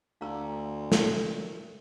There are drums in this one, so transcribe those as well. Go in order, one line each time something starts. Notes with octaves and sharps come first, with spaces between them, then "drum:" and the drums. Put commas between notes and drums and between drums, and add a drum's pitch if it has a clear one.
D2 F5 A#5 E6
A4, drum: snare
A#4